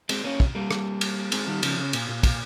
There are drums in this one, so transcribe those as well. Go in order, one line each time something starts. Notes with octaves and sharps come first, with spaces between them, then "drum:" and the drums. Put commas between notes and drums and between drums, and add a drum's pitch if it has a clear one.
G#3 C4, drum: cymbal
A#3 C#4
drum: kick
G3 A#3
drum: rim click
drum: cymbal
G#3 C4, drum: cymbal
D#3 G3
C#3 F3, drum: cymbal
C#3
A#2, drum: cymbal
A#2
A#2, drum: kick, cymbal